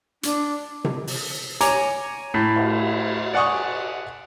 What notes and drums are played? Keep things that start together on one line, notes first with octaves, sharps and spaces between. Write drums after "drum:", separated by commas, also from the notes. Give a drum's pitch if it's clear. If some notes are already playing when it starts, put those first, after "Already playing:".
D4, drum: hi-hat
drum: tom C3
drum: open hi-hat
C#5 G#5 A#5 D6, drum: hi-hat
A2
drum: cymbal
D5 F#5 G#5 C#6 D#6